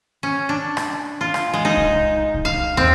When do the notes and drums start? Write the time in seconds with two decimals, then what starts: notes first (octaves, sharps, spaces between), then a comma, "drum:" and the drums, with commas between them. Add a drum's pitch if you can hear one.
0.23 C#4
0.49 D4
0.77 drum: rim click
1.21 F4
1.34 drum: rim click
1.54 G#3
1.65 D#4
1.77 drum: kick
2.34 drum: kick
2.45 F5
2.77 C4, drum: tom